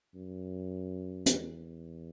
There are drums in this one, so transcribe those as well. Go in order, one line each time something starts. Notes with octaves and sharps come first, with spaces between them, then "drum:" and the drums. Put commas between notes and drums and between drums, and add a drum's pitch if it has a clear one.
F#2
E2, drum: hi-hat